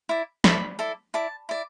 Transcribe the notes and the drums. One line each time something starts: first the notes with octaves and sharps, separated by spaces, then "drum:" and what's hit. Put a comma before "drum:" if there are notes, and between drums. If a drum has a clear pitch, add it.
E4 D5
E4 A4 D5 B5, drum: snare
E4 A4 D5
E4 D5 A5
E4 D5